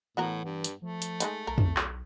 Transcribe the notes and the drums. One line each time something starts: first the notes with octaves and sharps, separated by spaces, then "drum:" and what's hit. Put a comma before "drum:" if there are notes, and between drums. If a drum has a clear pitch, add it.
A2 E3 B3 F#4 A#4
G2
drum: hi-hat
F3 A3
drum: hi-hat
G#3 D4 D#4, drum: hi-hat
B1 A#4
drum: tom
drum: clap